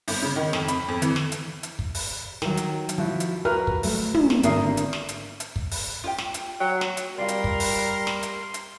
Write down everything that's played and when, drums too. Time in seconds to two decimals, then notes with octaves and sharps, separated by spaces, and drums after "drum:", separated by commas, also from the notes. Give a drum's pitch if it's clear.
0.08 G1, drum: open hi-hat
0.22 C#3
0.36 D#3
0.53 F2, drum: snare
0.68 B5, drum: hi-hat
0.89 F2
1.02 E3, drum: hi-hat
1.16 drum: snare
1.32 drum: hi-hat
1.63 drum: hi-hat
1.79 drum: kick
1.95 drum: open hi-hat
2.42 D#3 F#3, drum: snare
2.57 drum: hi-hat
2.89 drum: hi-hat
2.98 F3 E4 F#4
3.20 drum: hi-hat
3.45 F#4 A#4 B4 F6
3.67 drum: kick
3.83 F#3 A3, drum: open hi-hat
4.14 drum: tom
4.30 drum: snare
4.43 G#1 D3 A#4 E5 D#6 C7, drum: hi-hat
4.77 drum: hi-hat
4.93 drum: snare
5.09 drum: hi-hat
5.40 drum: hi-hat
5.56 drum: kick
5.71 drum: open hi-hat
6.04 F4 G4 G5
6.18 drum: snare
6.34 drum: hi-hat
6.60 F#3 G5
6.81 drum: snare
6.97 drum: hi-hat
7.18 G3 F4 A#4 D5 C6
7.28 drum: hi-hat
7.44 drum: kick
7.60 drum: open hi-hat
8.07 drum: snare
8.23 drum: hi-hat
8.54 drum: hi-hat